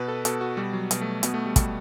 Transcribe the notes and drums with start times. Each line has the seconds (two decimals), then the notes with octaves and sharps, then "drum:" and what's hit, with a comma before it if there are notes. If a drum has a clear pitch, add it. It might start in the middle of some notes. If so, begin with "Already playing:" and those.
Already playing: B2 B4
0.08 A4
0.25 B2 A4, drum: hi-hat
0.41 F#4
0.57 B2 G3
0.73 F#3
0.91 B2, drum: hi-hat
1.01 A3
1.23 B2 B3, drum: hi-hat
1.34 A3
1.46 G3
1.56 B2 G3, drum: kick, hi-hat